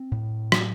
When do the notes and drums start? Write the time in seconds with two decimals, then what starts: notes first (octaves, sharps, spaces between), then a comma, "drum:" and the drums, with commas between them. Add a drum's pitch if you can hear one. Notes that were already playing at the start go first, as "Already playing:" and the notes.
Already playing: C4
0.11 A2
0.52 F#3, drum: rim click